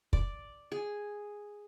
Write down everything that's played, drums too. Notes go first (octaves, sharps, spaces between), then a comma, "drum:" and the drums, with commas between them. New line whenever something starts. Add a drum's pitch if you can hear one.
D5, drum: kick
G#4